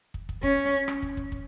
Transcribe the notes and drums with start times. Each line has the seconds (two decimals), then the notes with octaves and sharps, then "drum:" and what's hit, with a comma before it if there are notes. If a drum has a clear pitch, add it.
0.14 drum: kick
0.29 drum: kick
0.43 C#4, drum: kick
0.88 drum: rim click
1.02 drum: kick
1.17 drum: kick
1.32 drum: kick